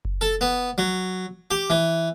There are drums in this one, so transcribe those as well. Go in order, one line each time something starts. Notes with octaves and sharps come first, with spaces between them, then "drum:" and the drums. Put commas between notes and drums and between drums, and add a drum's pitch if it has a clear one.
drum: kick F#1
A4
B3
F#3
G4
E3